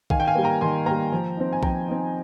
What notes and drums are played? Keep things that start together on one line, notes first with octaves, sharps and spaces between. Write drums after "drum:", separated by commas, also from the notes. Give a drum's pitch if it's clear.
D#3 F5 G#5, drum: kick B1
G5
F5 G#5
G3 A#3
G5 A#5
D#3 G#5 C6
G3 A#3 G5 A#5
F3
C4 D#4
G#5
F3 G5 A#5, drum: kick B1
C4 D#4